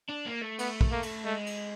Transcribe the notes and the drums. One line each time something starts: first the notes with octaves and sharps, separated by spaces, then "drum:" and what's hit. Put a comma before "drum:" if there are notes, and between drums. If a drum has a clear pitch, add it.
D4
A#3
A3
B3, drum: cymbal
drum: kick
A#3
drum: cymbal
G#3 A3
drum: cymbal